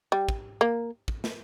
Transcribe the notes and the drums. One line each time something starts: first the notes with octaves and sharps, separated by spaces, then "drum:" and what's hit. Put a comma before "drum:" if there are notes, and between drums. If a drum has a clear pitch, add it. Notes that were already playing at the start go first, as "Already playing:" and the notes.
G3
drum: kick
A#3
drum: kick
drum: snare